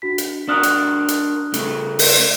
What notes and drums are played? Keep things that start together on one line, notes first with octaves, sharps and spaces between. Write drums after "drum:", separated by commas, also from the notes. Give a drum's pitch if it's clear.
D4 F#4 B6
drum: hi-hat
D4 F#4 A#4 D#6 F6 F#6
drum: hi-hat
drum: hi-hat
C#3 A3, drum: hi-hat
drum: open hi-hat